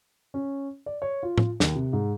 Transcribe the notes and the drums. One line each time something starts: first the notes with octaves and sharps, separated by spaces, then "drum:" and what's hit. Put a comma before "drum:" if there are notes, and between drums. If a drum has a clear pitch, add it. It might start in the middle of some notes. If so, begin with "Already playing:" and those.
C#4
D5
C#5
F4
drum: tom A2
D#2, drum: snare
C3
G#2